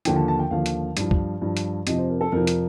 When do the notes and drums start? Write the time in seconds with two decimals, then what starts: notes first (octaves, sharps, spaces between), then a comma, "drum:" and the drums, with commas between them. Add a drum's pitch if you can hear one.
0.05 D#2 D3 F3 G5, drum: hi-hat
0.16 A5
0.28 A5
0.39 G5
0.51 D#2 D3 F3 F5
0.66 drum: hi-hat
0.97 G2 F3, drum: hi-hat
1.11 drum: kick
1.41 G2 F3
1.57 drum: hi-hat
1.87 F2 C3 F3 D#5, drum: hi-hat
1.98 C5
2.10 A#4
2.21 A4
2.32 F2 C3 F3 A#4
2.47 drum: hi-hat